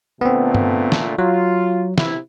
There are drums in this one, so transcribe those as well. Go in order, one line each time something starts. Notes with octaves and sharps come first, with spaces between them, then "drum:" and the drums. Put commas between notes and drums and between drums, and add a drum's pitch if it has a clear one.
A#2 D3 A3 B3 C4
drum: tom G2
drum: snare
F#3 F4
C3 E4, drum: snare